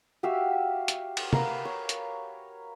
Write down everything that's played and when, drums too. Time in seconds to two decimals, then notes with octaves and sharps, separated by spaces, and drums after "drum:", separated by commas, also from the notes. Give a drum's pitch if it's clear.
0.23 F#4 G4 E5 F5
0.88 drum: hi-hat
1.17 drum: cymbal
1.33 A#4 B4 F5 B5, drum: tom
1.65 C#5
1.89 drum: hi-hat